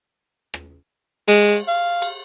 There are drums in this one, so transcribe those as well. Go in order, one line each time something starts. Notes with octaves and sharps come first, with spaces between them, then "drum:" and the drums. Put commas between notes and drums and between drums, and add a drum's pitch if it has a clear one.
drum: rim click
G#3, drum: cymbal
F5
drum: cymbal